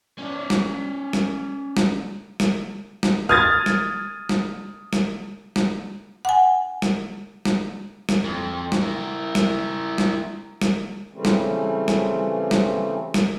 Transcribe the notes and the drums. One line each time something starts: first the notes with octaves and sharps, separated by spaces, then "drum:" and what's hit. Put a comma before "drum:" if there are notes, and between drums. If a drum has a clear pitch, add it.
C#4 D5
drum: snare
drum: snare
drum: snare
drum: snare
drum: snare
D#6 F6 G#6 A6
drum: snare
drum: snare
drum: snare
drum: snare
F#5 G#5
drum: snare
drum: snare
drum: snare
F2
drum: snare
E4 A#4
drum: snare
drum: snare
drum: snare
C#3 E3 G3 A3 C4 C#4
drum: snare
drum: snare
drum: snare
drum: snare